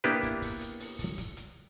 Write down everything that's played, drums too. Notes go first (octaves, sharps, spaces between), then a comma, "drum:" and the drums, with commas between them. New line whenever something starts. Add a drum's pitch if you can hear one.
A#3 B3 D4 E4 G4 B4, drum: hi-hat
drum: kick, hi-hat
drum: kick, open hi-hat
drum: hi-hat
drum: open hi-hat
drum: kick, open hi-hat
drum: kick, hi-hat
drum: hi-hat